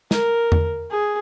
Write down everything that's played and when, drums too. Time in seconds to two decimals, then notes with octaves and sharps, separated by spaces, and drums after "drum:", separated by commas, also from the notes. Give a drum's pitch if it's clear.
0.11 A#4, drum: snare
0.52 drum: tom E2
0.90 G#4